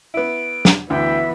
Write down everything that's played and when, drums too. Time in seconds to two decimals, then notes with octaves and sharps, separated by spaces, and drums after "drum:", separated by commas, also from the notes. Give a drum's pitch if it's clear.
0.14 B3 E4 D7
0.65 drum: snare
0.90 D2 E3 B3 E5 G5